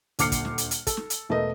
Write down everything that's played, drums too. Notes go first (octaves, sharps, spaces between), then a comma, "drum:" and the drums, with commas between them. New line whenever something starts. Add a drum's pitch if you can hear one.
D#1 D2 D6 F6 C7 C#7, drum: hi-hat
drum: kick, hi-hat
drum: snare
drum: hi-hat
drum: hi-hat
A4, drum: kick, hi-hat
drum: snare
drum: hi-hat
E1 A3 A#4 B4 D#5